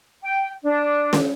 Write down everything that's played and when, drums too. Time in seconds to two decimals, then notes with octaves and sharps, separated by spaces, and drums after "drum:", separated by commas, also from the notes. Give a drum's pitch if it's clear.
0.23 G5
0.64 D4
1.13 drum: snare